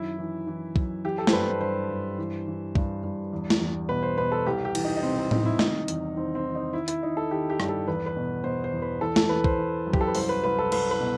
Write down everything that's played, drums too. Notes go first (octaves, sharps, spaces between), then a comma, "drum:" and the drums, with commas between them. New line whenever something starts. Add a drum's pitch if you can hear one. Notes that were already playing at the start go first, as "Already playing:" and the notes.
Already playing: F#2 D#3 E4
E3
E3
F#2, drum: kick
E3 G4
A4
C5, drum: snare
G2 B4
C5
G2 C5
G2
E3
E3
G2, drum: kick
G2
E2
drum: snare
E2
B2 B4
C5
B2 B4
A4
C2 G4
G4
E3, drum: cymbal
D#4
D#4
C3 C4
C4
C2 D#4, drum: tom A2
E4
D#3 D#4, drum: snare
E2, drum: hi-hat
D#3 C4
C4
D#3
D#4
D#3 E4
E4, drum: hi-hat
D#3 D#4
A4
D#3 G4
G4
G2, drum: rim click
A4
E2 B4
B4
B2
B2 C5
C5
E2
B4
E3 A4
A4, drum: snare
E3 B4
C5, drum: kick
E3
F#2
G4, drum: kick
A4
B4
C2 C5, drum: open hi-hat
B4
C2 B4
A4
C2 B4, drum: cymbal
B4
B2